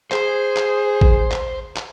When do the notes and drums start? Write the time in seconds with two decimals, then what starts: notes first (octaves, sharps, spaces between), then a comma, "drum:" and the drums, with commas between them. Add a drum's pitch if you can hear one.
0.12 G#4 C5, drum: clap
0.56 drum: clap
1.01 drum: kick A1
1.31 drum: clap
1.76 drum: clap